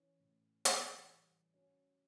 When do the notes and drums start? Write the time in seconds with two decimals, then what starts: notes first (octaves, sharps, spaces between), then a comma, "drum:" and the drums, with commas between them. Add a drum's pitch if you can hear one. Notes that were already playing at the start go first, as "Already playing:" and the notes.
Already playing: E3 C#4
0.20 A2
0.65 E3, drum: hi-hat
1.09 G3
1.54 F#3 C#4